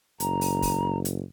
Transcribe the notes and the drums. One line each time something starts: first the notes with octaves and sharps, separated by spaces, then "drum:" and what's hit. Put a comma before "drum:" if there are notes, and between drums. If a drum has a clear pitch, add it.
F#1 A#5, drum: hi-hat
drum: open hi-hat
drum: kick, open hi-hat
drum: hi-hat